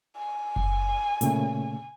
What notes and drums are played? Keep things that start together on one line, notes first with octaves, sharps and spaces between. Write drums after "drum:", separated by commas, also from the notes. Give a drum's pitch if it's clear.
G#5
drum: kick F#1
A#2 C#3 A3, drum: hi-hat